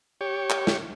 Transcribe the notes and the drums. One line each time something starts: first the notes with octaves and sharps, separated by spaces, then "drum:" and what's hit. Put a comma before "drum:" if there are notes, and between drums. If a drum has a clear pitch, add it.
G4 C#5
drum: clap
drum: snare